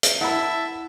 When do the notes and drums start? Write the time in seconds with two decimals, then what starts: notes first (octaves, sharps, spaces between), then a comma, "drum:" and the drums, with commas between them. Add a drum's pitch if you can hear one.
0.03 drum: hi-hat
0.21 E4 E5 F#5 A5 B5